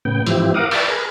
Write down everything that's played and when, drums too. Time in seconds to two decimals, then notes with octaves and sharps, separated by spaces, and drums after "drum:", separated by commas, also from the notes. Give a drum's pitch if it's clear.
0.05 A2 C#3 B3 G5
0.26 G#2 E3 F3 C4 E4 G4, drum: hi-hat
0.54 A#4 F5 F#5 D6 D#6
0.71 B4 D5 E5 G5 A5 C#6, drum: open hi-hat
0.88 G#4 A#4 B4